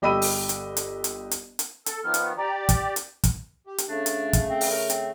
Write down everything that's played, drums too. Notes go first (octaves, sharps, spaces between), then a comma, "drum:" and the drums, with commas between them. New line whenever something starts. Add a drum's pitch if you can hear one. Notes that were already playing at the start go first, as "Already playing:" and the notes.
G1 G4 D#5 B5 E6 D#7
drum: open hi-hat
drum: hi-hat
drum: hi-hat
drum: hi-hat
drum: hi-hat
drum: hi-hat
A4, drum: hi-hat
D#3 F3 B3 F6
drum: hi-hat
G4 D5 A#5
D6
drum: kick, hi-hat
drum: hi-hat
drum: kick, hi-hat
G4
drum: hi-hat
C#3 A3 D4
drum: hi-hat
drum: kick, hi-hat
C4
drum: open hi-hat
A#4
C4, drum: hi-hat